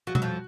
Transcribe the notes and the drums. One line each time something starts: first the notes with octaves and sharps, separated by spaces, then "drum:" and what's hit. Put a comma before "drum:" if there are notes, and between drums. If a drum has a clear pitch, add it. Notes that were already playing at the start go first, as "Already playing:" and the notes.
F3 F#4
F#3, drum: tom B2
F2 F3